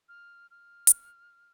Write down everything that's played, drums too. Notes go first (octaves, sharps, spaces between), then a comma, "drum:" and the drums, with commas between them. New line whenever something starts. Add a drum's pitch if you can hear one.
F6
F6
drum: hi-hat